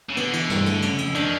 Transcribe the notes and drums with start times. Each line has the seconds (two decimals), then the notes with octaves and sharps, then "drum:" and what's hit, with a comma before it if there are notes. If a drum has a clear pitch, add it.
0.10 C#3
0.17 D3 B3, drum: cymbal
0.33 E3, drum: cymbal
0.50 G2, drum: snare
0.66 A3, drum: cymbal
0.82 C#3, drum: cymbal
0.98 F2, drum: cymbal
1.15 D#3 D4, drum: cymbal